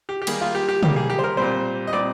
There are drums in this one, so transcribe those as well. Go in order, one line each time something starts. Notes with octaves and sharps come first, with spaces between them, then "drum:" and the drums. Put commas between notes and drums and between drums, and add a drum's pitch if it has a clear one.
G4
G4
D#3 G3 A#3 G#4, drum: cymbal
F4
G4
G4
D#3 G3 A#3 G4, drum: tom
G#4
G4
C5
A#4
A#2 G3 C4 C5
D#5
A#2 G3 C4 D5